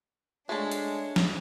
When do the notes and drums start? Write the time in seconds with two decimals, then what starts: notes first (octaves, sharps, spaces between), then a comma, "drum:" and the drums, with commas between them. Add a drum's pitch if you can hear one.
0.49 G#3 A3 D4 A4 C#5
0.71 drum: hi-hat
1.16 drum: snare